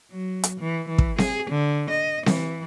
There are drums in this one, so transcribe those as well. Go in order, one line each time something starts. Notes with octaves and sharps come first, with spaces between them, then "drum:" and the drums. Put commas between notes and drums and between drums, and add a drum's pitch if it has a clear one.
F#3
drum: hi-hat
E3
E3
drum: kick
G#4, drum: snare C4
D3
D#5
E3, drum: snare C4